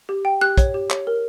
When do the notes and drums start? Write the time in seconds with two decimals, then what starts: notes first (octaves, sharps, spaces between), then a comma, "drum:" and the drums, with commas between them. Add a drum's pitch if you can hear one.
0.09 G4
0.25 G5
0.41 G4 F#6
0.58 C#5, drum: kick, hi-hat
0.74 G4
0.90 C#5, drum: clap
1.07 A#4